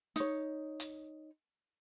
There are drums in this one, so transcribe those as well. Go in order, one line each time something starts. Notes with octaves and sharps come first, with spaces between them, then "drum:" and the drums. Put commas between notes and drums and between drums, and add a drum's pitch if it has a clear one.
D#4 C#5, drum: hi-hat
drum: hi-hat